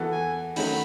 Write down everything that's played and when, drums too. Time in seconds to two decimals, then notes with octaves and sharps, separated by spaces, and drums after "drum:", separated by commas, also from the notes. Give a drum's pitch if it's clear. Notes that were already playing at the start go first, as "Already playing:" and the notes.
Already playing: E3 B3 F#4 A4
0.12 G#5
0.56 D#3 F#3 A3 C#4 F#4 B5, drum: open hi-hat